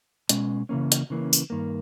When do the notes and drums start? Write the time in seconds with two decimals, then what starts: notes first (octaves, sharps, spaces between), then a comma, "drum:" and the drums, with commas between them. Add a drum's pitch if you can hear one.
0.29 B2 G#3 C#4, drum: hi-hat
0.69 C#3 E3 A#3 C#4
0.92 drum: hi-hat
1.10 C#3 E3 A#3 C#4
1.33 drum: tambourine
1.50 G2 D#3 A#3